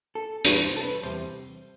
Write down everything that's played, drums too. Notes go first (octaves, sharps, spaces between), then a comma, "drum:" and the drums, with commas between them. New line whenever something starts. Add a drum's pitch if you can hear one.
A4
E2 C3 G3 B4, drum: hi-hat
C5
A4
B4
E2 C3 G3 C5